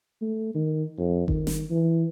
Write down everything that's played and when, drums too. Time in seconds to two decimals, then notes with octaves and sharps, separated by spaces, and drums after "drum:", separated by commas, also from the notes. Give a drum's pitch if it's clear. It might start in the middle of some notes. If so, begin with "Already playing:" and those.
0.22 A3
0.55 D#3
0.98 F2
1.28 D#3, drum: kick G1
1.47 drum: snare
1.70 E3